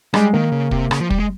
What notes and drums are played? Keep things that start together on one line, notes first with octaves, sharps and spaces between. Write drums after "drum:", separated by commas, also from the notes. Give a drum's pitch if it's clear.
G3 G#3, drum: rim click
D#3 A#3
C#3
C3, drum: kick
C#3, drum: rim click
F3
G3, drum: kick
G#3